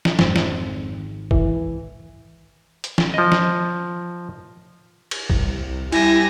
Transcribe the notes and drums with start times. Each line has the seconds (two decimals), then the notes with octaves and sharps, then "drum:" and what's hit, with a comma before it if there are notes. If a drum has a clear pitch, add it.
0.05 drum: snare
0.19 G#1 F2 G#2 C4, drum: snare
0.36 drum: snare
1.31 E3, drum: kick
2.84 drum: hi-hat
2.98 drum: snare
3.14 F3 D#5
3.32 drum: snare
5.11 drum: cymbal
5.30 C2, drum: kick
5.92 G3 E4 G4 G#5 A#6, drum: cymbal